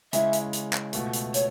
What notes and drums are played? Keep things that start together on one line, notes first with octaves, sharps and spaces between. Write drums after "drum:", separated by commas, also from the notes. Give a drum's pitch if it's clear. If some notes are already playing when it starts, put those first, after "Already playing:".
C#3 G#3 C#4 E4 E5, drum: hi-hat
drum: hi-hat
drum: hi-hat
drum: clap
C#2 B2 A3, drum: hi-hat
drum: hi-hat
C#5, drum: hi-hat